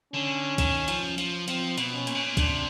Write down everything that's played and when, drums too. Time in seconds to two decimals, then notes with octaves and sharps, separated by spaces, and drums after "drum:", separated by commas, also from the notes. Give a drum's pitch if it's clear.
0.13 D3 C#4
0.58 D#3, drum: kick, hi-hat
0.88 F3, drum: hi-hat
1.18 F3, drum: hi-hat
1.48 F3 C4, drum: hi-hat
1.78 B2, drum: hi-hat
1.93 C#4
2.07 A#2, drum: hi-hat
2.15 B2
2.23 A#2
2.37 C3 D4, drum: kick, hi-hat